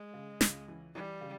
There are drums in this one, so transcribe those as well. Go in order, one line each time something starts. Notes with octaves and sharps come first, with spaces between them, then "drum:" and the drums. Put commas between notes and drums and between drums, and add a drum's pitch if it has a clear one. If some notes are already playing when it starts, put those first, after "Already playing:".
Already playing: G#3
C#3
C#2, drum: snare
E3
E3 G3
C#3